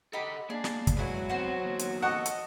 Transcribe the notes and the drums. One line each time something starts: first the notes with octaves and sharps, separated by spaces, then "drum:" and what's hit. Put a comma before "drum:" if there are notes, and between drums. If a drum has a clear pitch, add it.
D#4 G4 A4 F#5 B5
A#3 D4 G#4
drum: snare
drum: kick, hi-hat
F#3 G#3 E4 G#4 B4
B3 C4 F#4 C5
E2 A#3
drum: hi-hat
A4 D#5 F#5 C#6
drum: hi-hat